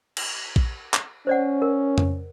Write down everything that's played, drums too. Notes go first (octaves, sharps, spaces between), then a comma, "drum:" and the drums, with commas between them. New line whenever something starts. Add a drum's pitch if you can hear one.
drum: cymbal
drum: kick A#1
drum: clap
C#4 C5 D5 F#5
A#4
drum: tom F2